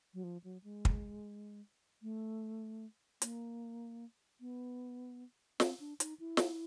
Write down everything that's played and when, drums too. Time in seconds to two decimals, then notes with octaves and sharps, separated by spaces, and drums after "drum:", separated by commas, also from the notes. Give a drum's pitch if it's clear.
0.14 F#3
0.24 F3
0.44 F#3
0.64 G#3
0.85 drum: kick
2.02 A3
3.22 A#3, drum: hi-hat
4.41 B3
5.60 C4, drum: snare
5.80 D4
6.00 D#4, drum: hi-hat
6.20 E4
6.37 drum: snare